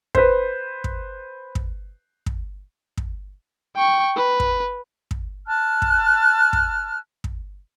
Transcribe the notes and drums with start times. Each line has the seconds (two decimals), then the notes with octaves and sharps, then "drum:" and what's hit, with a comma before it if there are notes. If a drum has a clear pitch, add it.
0.15 B4 C5, drum: kick
0.84 drum: kick
1.55 drum: kick
2.26 drum: kick
2.97 drum: kick
3.76 G5 C#6
4.17 B4
4.40 drum: kick
5.11 drum: kick
5.46 A5 F6 F#6
5.82 drum: kick
6.53 drum: kick
7.24 drum: kick